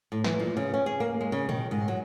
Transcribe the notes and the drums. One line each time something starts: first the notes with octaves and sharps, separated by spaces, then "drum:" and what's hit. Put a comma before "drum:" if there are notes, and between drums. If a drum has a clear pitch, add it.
A2
E3, drum: snare
A#2
C#3
C#4
G#4
A#3
G#3
C#3
D#3, drum: tom A#2
G#2
F#3